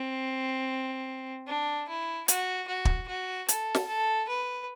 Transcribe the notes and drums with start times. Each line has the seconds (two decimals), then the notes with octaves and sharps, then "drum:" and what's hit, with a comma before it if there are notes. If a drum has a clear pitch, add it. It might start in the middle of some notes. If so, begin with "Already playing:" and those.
Already playing: C4
1.47 D4
1.88 E4
2.28 F#4, drum: hi-hat
2.68 F#4
2.85 drum: kick
3.08 F#4
3.48 A4, drum: hi-hat
3.75 drum: snare
3.87 A4
4.28 B4